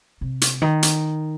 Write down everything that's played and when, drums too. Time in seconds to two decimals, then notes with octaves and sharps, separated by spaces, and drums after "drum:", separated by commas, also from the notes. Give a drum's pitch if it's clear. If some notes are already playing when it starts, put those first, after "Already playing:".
0.21 C3
0.41 drum: hi-hat
0.62 D#3
0.83 drum: hi-hat